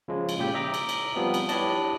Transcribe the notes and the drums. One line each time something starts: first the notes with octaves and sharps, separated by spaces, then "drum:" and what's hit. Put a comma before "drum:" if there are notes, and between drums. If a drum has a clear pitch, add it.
C#3 F3 G#3
drum: cymbal
A#2 C#3 G4 G6
D#5 E5 A#5 D6
drum: cymbal
drum: cymbal
F3 G3 B3 C4
drum: cymbal
D4 E4 G4 C#5 D#5 A5, drum: cymbal